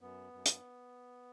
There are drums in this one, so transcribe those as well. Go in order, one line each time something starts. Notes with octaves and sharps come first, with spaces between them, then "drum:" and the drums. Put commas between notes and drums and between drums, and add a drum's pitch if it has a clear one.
F#2 B3
F#2
drum: hi-hat